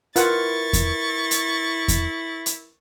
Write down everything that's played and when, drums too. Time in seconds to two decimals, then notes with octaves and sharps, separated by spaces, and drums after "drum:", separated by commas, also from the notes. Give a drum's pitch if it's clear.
0.16 E4 F4 A#4 B4 F#5 C#6 A6, drum: hi-hat
0.73 drum: kick E2, hi-hat
1.31 drum: hi-hat
1.88 drum: kick E2, hi-hat
2.46 drum: hi-hat